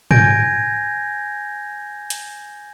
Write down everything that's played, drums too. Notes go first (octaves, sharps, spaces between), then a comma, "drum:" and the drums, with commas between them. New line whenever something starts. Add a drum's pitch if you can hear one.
G#5 G6 G#6 A#6 D7, drum: tom
drum: hi-hat